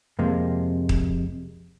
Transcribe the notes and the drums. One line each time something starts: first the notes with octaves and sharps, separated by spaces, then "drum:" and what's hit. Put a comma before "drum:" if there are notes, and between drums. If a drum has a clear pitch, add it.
F2 C3 G#3 A#3
drum: kick D#1